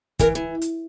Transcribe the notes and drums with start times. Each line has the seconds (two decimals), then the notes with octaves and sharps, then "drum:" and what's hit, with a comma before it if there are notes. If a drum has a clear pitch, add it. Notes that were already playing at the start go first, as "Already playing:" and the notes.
0.19 E3 A#4, drum: kick, hi-hat
0.35 E3
0.62 drum: hi-hat